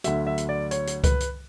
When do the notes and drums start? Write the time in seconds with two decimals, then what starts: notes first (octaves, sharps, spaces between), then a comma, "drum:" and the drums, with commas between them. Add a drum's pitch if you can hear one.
0.04 D2 D3 F#3 E5, drum: hi-hat
0.27 E5
0.38 drum: hi-hat
0.49 D5
0.71 C#5, drum: hi-hat
0.87 drum: hi-hat
1.04 B4, drum: kick C#2, hi-hat
1.20 drum: hi-hat